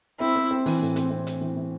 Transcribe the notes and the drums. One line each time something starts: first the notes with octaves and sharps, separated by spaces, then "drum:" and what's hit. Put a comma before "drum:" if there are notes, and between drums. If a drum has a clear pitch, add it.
C4 E4
C4
C4
E3, drum: open hi-hat
A2
C4, drum: hi-hat
C4
C4, drum: hi-hat
E3
E3